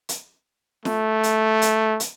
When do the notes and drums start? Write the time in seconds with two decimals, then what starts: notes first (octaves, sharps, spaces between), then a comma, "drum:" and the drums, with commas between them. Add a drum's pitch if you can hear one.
0.09 drum: hi-hat
0.85 A3, drum: snare
1.23 drum: hi-hat
1.62 drum: hi-hat
2.00 drum: hi-hat